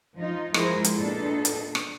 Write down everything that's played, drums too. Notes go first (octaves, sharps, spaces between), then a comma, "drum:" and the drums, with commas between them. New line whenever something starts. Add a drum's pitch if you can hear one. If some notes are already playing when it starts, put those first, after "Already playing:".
F3 D#4 F4
F3 G#3 E4 G#4 A#4 C5, drum: rim click
drum: hi-hat
A#2 B3 D4 D#4 A4
drum: hi-hat
drum: rim click